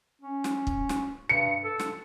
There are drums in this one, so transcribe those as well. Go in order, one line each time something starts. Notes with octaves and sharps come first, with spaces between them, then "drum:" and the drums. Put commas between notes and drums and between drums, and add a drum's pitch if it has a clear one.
C#4
drum: snare
drum: kick
drum: snare
G2 C#7
A4
drum: snare